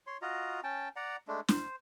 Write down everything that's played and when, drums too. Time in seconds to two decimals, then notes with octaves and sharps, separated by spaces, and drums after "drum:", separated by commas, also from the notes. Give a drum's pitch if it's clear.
0.07 C#5 C6
0.22 F4 F#4 D#5 A#5
0.64 C#4 G5 A5
0.96 D5 F#5 A#5
1.28 G#3 A3 D4
1.48 C5, drum: snare